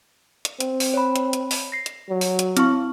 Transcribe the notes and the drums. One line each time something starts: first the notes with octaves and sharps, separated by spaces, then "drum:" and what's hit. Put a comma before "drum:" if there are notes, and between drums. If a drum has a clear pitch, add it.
drum: hi-hat
C4, drum: hi-hat
drum: open hi-hat
C#5 B5
drum: hi-hat
drum: hi-hat
drum: open hi-hat
A#6 C7
drum: hi-hat
F#3
drum: open hi-hat
drum: hi-hat
C4 E4 C#6, drum: hi-hat